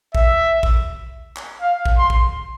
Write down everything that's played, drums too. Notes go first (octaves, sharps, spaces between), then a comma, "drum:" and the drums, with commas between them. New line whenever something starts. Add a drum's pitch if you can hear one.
E5, drum: kick A#1
drum: kick A#1
drum: clap
F5
drum: kick A#1
C6
drum: kick A#1